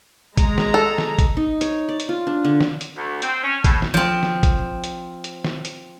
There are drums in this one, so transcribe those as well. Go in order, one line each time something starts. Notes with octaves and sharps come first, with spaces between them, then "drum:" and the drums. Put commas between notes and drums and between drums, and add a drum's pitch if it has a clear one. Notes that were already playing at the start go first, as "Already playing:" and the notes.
G#3 A#5, drum: kick, hi-hat
drum: snare
A4
drum: snare
drum: kick, hi-hat
D#4
C#5, drum: hi-hat
D5
drum: hi-hat
F4
D4
D3
drum: snare
drum: hi-hat
D2
C4, drum: hi-hat
C#4
A2, drum: kick, hi-hat
drum: snare
F3 C4
drum: snare
drum: kick, hi-hat
drum: hi-hat
drum: hi-hat
drum: snare
drum: hi-hat